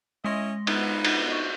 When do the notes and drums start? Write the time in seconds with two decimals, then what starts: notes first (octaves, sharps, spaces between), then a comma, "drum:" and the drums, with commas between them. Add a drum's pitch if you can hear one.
0.24 G#3 C#4 E4 D#5 C6 A#6
0.67 B3 D#4, drum: cymbal
1.05 drum: cymbal
1.29 D#5 C#6